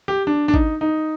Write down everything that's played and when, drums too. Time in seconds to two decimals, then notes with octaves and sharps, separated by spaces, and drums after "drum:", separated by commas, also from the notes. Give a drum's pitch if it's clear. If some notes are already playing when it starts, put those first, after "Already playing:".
0.08 G4
0.27 D4
0.48 D4
0.54 D#4, drum: kick G#1
0.81 D#4